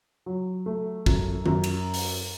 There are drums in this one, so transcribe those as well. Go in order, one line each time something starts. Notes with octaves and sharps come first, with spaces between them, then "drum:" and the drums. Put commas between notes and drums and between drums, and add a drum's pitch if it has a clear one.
F#3
A3
F#2, drum: kick
F#2, drum: tom
drum: cymbal
drum: open hi-hat